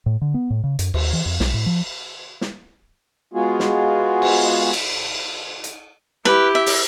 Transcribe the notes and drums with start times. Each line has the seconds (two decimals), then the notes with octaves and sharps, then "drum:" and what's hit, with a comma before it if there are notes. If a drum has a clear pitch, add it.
0.06 A2
0.21 D3
0.34 B3
0.50 A2
0.64 C#3
0.79 F#2, drum: hi-hat
0.94 D#2, drum: cymbal
1.13 E3
1.26 F2
1.40 B1, drum: snare
1.54 A2
1.66 F3
2.41 drum: snare
3.34 G#3 B3 F4 F#4 G#4
3.60 drum: snare
4.22 drum: cymbal
4.73 drum: cymbal
5.64 drum: hi-hat
6.25 E4 G4 B4, drum: snare
6.55 E5
6.66 drum: open hi-hat